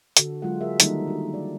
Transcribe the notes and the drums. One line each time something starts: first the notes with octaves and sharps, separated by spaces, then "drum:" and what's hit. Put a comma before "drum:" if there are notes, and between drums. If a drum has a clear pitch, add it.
D3 F#4 A4, drum: hi-hat
F#3 G#3 F4 F#4 G#4 F#5
G#4 A#4 E5
D#3 G3 A#3 D#4 A4, drum: hi-hat
D4 F#4 G#4 A4
D5